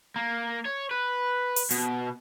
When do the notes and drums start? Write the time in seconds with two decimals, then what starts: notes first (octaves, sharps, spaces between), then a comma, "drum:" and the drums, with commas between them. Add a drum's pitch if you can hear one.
0.16 A#3
0.65 C#5
0.91 B4
1.56 drum: open hi-hat
1.71 B2, drum: hi-hat